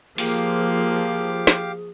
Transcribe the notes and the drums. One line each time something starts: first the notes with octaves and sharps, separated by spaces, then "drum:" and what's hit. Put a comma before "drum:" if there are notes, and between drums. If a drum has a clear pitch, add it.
F3 A#3 G4 G#4 F5 D6, drum: open hi-hat
drum: snare